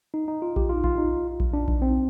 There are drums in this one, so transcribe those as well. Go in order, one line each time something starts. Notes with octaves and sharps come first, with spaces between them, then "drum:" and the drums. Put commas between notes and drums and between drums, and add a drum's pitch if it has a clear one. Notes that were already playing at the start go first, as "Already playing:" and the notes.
D#4
D#4
F4
G4, drum: kick A#1
F4
F4, drum: kick A#1
D#4
drum: kick A#1
D4
drum: kick A#1
C4